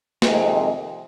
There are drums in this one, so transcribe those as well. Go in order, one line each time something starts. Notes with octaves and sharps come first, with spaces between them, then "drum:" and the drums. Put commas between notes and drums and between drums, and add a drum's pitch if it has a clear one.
F2 C3 D#3 G#3, drum: snare